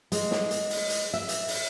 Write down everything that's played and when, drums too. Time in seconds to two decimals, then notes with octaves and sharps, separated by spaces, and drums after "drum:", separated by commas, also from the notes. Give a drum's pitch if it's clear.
0.12 G#3, drum: hi-hat
0.31 drum: snare
0.51 drum: hi-hat
0.70 drum: open hi-hat
0.90 drum: hi-hat
1.13 E5
1.29 drum: hi-hat
1.48 drum: open hi-hat